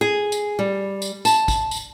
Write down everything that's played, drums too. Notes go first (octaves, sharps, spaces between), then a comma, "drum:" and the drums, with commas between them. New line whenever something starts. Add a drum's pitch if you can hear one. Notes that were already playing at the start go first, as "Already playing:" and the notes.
G#4
drum: tambourine
G3
drum: tambourine
A5, drum: tambourine
drum: kick, tambourine
drum: tambourine